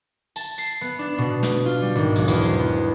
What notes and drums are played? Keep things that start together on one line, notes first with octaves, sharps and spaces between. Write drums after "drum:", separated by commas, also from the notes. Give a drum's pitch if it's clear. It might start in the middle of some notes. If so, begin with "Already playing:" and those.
A5, drum: tambourine
C7, drum: tambourine
B3
D4
B2
drum: snare
F4
G3
G#1
B1, drum: tambourine
E2, drum: tambourine
C5
B3